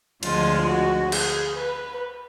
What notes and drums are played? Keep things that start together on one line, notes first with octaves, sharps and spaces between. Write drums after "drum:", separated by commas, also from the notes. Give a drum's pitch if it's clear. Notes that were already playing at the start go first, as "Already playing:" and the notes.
D2 D3 F3 G#3 F4, drum: cymbal
F#4
G#4, drum: cymbal
B4